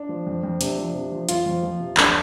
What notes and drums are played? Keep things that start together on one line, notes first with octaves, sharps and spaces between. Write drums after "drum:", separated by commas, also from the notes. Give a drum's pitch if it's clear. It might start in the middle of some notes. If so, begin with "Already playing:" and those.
Already playing: D4
F3
F2
F2
C3 D4, drum: hi-hat
F3
C3
F3
F2 F4, drum: hi-hat
F2
F3
C3
F2 D4, drum: clap